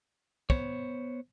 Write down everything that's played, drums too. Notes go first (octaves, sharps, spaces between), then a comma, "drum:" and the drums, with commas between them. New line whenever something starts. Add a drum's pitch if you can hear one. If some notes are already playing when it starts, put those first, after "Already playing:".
B3 C5 C#5, drum: kick